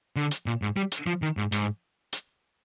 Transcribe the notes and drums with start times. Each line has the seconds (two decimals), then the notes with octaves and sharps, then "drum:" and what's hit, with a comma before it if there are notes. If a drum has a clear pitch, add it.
0.16 D3
0.31 drum: hi-hat
0.46 A#2
0.62 G#2
0.77 G3
0.92 drum: hi-hat
1.07 F3
1.22 D#3
1.37 G#2
1.52 G#2, drum: hi-hat
2.13 drum: hi-hat